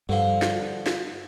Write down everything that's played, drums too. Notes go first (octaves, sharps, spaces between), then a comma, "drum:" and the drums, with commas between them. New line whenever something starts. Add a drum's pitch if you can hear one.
G2 D3 F3
drum: snare
drum: snare